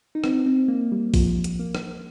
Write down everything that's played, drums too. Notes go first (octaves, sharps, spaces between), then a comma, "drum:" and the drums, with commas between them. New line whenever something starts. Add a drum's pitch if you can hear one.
D#4
C4, drum: rim click
C4
A#3
G3
F3, drum: kick, open hi-hat
drum: hi-hat
A#3
drum: rim click